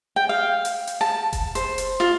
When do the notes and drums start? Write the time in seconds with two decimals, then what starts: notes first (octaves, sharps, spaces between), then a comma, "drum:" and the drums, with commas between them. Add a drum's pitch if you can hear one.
0.16 G5
0.29 F5
0.65 drum: hi-hat
0.87 drum: hi-hat
1.01 A5
1.33 drum: kick F1, hi-hat
1.55 C5, drum: hi-hat
1.78 drum: hi-hat
2.00 F4